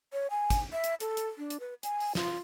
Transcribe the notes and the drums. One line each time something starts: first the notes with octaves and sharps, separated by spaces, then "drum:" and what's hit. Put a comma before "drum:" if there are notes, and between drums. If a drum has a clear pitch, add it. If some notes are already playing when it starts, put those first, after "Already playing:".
C#5
G#5
drum: kick, hi-hat
E5
drum: hi-hat
A4, drum: hi-hat
drum: hi-hat
D4
drum: hi-hat
B4
G#5, drum: hi-hat
drum: open hi-hat
F4, drum: snare